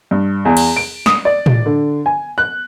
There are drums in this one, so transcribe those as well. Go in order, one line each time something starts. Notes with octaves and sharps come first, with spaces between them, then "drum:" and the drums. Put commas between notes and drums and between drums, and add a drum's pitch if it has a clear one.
G2
E2
drum: cymbal
D7
D#6, drum: snare
D5
drum: tom
D3
G#5
F#6